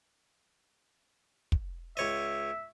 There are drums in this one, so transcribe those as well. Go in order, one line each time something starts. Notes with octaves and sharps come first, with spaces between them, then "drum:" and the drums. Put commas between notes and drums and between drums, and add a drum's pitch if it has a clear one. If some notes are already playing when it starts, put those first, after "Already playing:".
drum: kick
C#2 C#5 D#5 E5